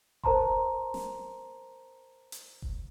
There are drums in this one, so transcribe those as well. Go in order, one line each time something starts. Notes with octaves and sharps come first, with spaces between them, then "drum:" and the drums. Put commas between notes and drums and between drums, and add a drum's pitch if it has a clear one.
A#4 C5 A5 A#5 C6, drum: kick E1
drum: snare
drum: hi-hat
drum: kick E1